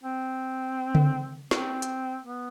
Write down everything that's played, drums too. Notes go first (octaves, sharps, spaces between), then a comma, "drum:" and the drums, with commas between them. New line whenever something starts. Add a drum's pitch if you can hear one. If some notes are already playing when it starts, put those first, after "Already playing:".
C4
drum: tom C#3
C4, drum: snare
drum: hi-hat
B3